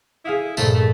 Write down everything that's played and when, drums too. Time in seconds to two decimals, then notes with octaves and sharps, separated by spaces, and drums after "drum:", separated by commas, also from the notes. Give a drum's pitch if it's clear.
0.25 E4 G#4 F5 D#6
0.57 A#1 G2 A#2 A3, drum: tambourine
0.74 A3